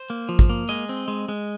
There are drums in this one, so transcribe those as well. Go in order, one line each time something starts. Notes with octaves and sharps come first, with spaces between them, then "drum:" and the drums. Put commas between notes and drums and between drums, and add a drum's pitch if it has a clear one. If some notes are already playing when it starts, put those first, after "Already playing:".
Already playing: C5
A#3
F3
drum: kick G#1
A#3
G#3 D#5
C4
G#3
G#3